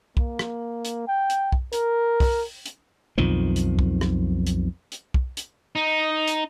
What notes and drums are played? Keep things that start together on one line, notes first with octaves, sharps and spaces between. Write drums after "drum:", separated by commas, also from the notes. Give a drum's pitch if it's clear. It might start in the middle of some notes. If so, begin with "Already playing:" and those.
A#3, drum: kick
drum: rim click
drum: hi-hat
G5
drum: hi-hat
drum: kick
A#4, drum: hi-hat
drum: kick, open hi-hat
drum: hi-hat
B1 F2 D#3 F3
drum: hi-hat
drum: kick
drum: rim click
drum: hi-hat
drum: hi-hat
drum: kick
drum: hi-hat
D#4
drum: hi-hat